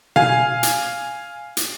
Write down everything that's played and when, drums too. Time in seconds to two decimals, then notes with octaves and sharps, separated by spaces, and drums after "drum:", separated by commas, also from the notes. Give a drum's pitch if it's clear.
0.16 F5 G#5, drum: tom B2
0.63 drum: hi-hat
1.57 drum: hi-hat